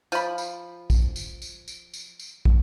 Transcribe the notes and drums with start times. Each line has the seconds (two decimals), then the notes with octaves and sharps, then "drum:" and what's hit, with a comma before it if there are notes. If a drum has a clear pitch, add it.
0.12 F3 B5, drum: tambourine
0.38 drum: tambourine
0.90 drum: kick, tambourine
1.16 drum: tambourine
1.42 drum: tambourine
1.68 drum: tambourine
1.94 drum: tambourine
2.19 drum: tambourine
2.45 drum: kick